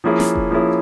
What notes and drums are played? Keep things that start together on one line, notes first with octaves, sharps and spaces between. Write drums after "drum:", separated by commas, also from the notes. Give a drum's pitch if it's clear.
F3 A#3 C#4 E4 G#4
drum: snare
drum: kick F1
F3 A#3 C#4 E4 G#4